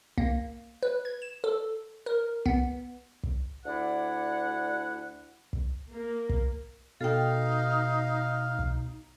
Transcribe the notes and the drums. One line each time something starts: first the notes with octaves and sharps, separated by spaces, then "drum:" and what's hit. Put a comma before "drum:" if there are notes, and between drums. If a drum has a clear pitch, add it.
A#3, drum: kick
B4
G#6
E7
A4
A#4
B3, drum: kick
drum: kick
D2 D4 E4 D5 F#5
drum: kick
A#3
drum: kick
B2 D#4 A4 F5 G5
drum: kick